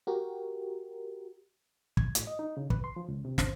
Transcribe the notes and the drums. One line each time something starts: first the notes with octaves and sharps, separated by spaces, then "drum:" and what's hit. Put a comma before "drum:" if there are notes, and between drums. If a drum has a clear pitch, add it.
F#4 G4 A#4
G#6, drum: kick
A2, drum: hi-hat
D#5
D#4
C#3
B4, drum: kick
C6
F3
C#2
C3
C5, drum: snare